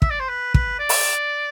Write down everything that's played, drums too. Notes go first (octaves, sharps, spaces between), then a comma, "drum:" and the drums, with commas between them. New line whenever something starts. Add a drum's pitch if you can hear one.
E5, drum: kick
D5
C5
B4
B4, drum: kick
D5
drum: open hi-hat